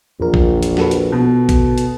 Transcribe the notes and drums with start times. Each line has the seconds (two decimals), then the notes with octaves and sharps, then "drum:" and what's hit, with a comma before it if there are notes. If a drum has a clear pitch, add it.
0.20 A#1 E2 A#4
0.34 drum: kick
0.63 drum: hi-hat
0.77 F#4 A4 B4, drum: snare
0.91 drum: hi-hat
1.12 B2
1.49 drum: kick, hi-hat
1.78 drum: hi-hat